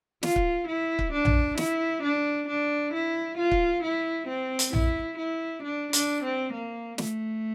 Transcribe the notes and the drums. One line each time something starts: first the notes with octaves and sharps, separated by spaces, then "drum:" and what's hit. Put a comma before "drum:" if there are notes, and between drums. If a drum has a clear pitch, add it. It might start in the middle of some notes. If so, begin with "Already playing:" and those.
F4, drum: snare
drum: kick
E4
drum: kick
D4
drum: tom A#1
E4, drum: snare
D4
D4
E4
F4
drum: kick
E4
C4
drum: hi-hat
E4, drum: tom A#1
E4
D4
D4, drum: hi-hat
C4
A#3
A3, drum: snare